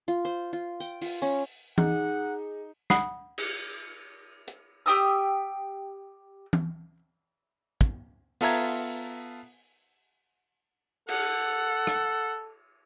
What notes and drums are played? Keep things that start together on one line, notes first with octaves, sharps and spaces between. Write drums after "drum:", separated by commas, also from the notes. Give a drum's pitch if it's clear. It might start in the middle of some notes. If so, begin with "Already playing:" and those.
F4
C5
F4
G5, drum: tambourine
F4, drum: open hi-hat
C#4
D#4 G#4 F#5, drum: tom E3
F#5 B5 D#6 C7, drum: snare
drum: cymbal
drum: hi-hat
G4 G5 D#6 E6
drum: tom E3
drum: kick
B3 F4 A4 E5 A#5 G#6, drum: open hi-hat
A4 F#5, drum: cymbal
drum: rim click